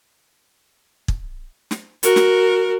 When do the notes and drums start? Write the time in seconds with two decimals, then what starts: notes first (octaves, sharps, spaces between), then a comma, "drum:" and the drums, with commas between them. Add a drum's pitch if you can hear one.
1.08 drum: kick
1.71 drum: snare
2.03 F#4 A#4, drum: hi-hat
2.16 drum: snare